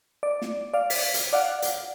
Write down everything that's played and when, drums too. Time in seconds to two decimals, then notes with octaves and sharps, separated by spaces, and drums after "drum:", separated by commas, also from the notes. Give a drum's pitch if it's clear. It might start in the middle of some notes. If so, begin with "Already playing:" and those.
0.23 D5
0.42 drum: snare
0.74 D5 F5
0.90 B6, drum: open hi-hat
1.14 drum: hi-hat
1.33 D5 F5 F#5
1.62 drum: hi-hat